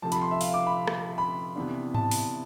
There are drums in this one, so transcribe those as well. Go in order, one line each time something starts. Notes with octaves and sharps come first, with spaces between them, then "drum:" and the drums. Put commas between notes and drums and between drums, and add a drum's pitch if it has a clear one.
C3 F3 A3 C4 A5
B5, drum: hi-hat
C6
E5
F5, drum: open hi-hat
D6
B5
drum: rim click
B5
C3 E3 B3 D4
A5, drum: tom G#2
drum: open hi-hat